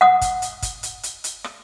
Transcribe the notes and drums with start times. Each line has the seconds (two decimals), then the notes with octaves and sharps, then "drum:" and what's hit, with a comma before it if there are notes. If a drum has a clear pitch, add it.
0.01 F#5 D#6
0.21 drum: kick, hi-hat
0.42 drum: hi-hat
0.62 drum: kick, hi-hat
0.83 drum: hi-hat
1.03 drum: hi-hat
1.24 drum: hi-hat
1.44 drum: rim click